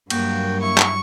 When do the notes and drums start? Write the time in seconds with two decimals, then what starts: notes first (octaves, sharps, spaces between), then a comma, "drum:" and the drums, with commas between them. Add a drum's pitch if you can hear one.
0.10 G2 F#3 A#3 F#4 G5, drum: cymbal
0.62 E4 C#6
0.78 drum: clap